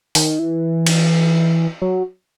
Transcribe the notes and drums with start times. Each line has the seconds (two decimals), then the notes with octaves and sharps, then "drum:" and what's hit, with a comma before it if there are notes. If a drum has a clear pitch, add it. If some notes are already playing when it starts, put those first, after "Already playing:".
0.15 D#3, drum: open hi-hat
0.39 E3
0.87 drum: cymbal
1.82 F#3